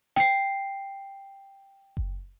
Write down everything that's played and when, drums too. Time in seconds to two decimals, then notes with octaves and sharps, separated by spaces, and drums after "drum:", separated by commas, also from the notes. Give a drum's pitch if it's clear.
0.16 G5 C7, drum: snare
1.97 drum: kick F#1